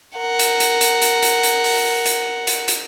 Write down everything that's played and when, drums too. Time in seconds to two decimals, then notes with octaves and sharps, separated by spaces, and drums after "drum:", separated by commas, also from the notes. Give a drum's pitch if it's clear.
0.18 A#4 F#5
0.39 drum: hi-hat
0.60 drum: hi-hat
0.81 drum: hi-hat
1.02 drum: hi-hat
1.22 drum: hi-hat
1.43 drum: hi-hat
1.64 drum: open hi-hat
2.06 drum: hi-hat
2.47 drum: hi-hat
2.68 drum: hi-hat